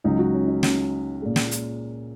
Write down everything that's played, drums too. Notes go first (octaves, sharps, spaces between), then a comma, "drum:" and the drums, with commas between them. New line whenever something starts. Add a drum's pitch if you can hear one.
C#2 C#3 F#3 D#4
F#4
C#4
D#4
C#4, drum: snare
A#2 G#3
drum: snare
drum: hi-hat